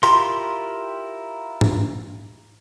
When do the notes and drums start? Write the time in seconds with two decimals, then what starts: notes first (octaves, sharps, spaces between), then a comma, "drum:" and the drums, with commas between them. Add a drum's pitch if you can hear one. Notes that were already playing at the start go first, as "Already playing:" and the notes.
0.03 E4 F4 G4 A#4 C6, drum: open hi-hat
1.61 drum: tom G#2